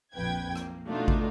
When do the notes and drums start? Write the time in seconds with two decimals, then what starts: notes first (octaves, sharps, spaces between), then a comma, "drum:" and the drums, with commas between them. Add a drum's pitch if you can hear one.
0.14 A#1 F2 B4 G5 G#6
0.56 A#3, drum: rim click
0.86 B2 A3 D4 D#4 F4 F#4
1.08 drum: kick